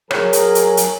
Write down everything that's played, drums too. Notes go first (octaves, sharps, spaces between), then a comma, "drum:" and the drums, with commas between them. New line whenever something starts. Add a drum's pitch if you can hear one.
F#3 G#4 A#4 C#5, drum: rim click
drum: hi-hat
drum: hi-hat
drum: hi-hat